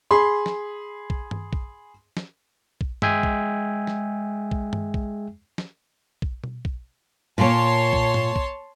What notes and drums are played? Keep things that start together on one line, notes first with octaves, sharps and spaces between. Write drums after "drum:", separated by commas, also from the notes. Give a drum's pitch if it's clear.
G#4 B5 C6
drum: snare
drum: kick A#1
drum: tom G2
drum: kick A#1
drum: snare
drum: kick A#1
G#3 G#4 E5 G5 G#5, drum: tom G2
drum: kick A#1
drum: snare
drum: kick A#1
drum: tom G2
drum: kick A#1
drum: snare
drum: kick A#1
drum: tom B2
drum: kick A#1
A#2 A#3 C#5 A5 C6
drum: kick A#1
drum: tom G#2
drum: kick A#1